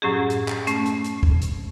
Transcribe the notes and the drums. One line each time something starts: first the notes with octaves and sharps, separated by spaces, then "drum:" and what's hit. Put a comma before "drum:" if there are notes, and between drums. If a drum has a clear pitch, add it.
F#2 A2 F#3 C#4 G4 G#4
drum: hi-hat
drum: clap
A3 C#4, drum: hi-hat
drum: hi-hat
drum: hi-hat
drum: kick
drum: hi-hat